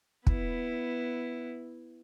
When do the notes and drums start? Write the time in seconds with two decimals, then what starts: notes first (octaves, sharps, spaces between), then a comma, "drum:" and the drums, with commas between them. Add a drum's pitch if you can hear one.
0.27 B3 E4, drum: kick